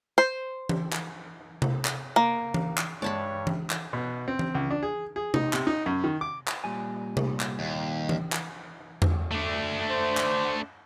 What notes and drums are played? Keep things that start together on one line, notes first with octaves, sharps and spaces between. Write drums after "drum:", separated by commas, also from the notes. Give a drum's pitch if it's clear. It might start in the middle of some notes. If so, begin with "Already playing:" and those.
C5
drum: tom E3
drum: clap
drum: tom C3
drum: clap
A#3
drum: tom E3
drum: clap
G2 G#3 C#5 D5 A5 B5
drum: tom E3
drum: clap
B2
C4
drum: tom E3
C#2
D4
G#4
G#4
D#4, drum: tom C3
C3, drum: clap
D#4
F#2
D#3
D6
drum: clap
A#2 G3 G#5
drum: tom C3
drum: clap
D#2
drum: tom E3
drum: clap
drum: tom E2
A3 D4
C5
drum: clap